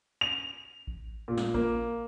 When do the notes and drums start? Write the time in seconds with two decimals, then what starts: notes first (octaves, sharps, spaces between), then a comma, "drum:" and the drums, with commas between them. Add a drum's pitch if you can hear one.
0.21 F7
0.87 drum: kick A1
1.28 A#2
1.38 drum: snare
1.54 A#3, drum: kick A1